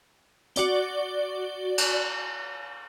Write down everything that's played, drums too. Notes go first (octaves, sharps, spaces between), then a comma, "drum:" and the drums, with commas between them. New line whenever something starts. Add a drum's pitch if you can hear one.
F#4 D5 G7, drum: hi-hat
drum: cymbal